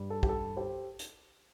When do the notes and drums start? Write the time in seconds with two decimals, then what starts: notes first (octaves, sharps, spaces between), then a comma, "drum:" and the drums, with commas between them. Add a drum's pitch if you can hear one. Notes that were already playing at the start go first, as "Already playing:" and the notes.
Already playing: G2 G3
0.10 A4
0.23 G4, drum: kick
0.29 A4
0.57 G4 C5
0.99 drum: hi-hat